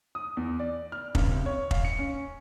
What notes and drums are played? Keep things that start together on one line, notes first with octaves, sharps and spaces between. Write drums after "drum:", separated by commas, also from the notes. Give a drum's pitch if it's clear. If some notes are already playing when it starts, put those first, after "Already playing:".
D#6
E2
D5
F6
C#2, drum: kick
C3
C#5
F5, drum: kick
C#7
C#4